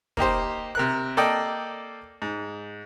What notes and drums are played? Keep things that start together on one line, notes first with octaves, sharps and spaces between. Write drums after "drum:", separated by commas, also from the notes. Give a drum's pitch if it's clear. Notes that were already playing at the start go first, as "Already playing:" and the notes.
A#3 D#4 G4 C5, drum: kick
C3 A#4 F#6
A#3 A4 D5 D#5 G5
G#2